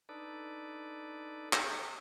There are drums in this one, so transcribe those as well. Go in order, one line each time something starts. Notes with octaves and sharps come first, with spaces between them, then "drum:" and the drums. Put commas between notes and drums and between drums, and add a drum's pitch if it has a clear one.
D4 D#4 A4 B4 D5
drum: clap